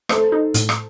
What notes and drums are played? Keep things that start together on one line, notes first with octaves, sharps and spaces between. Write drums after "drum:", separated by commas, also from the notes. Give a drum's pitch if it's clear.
A3 A4 C5, drum: rim click
D#4
A2, drum: hi-hat
drum: rim click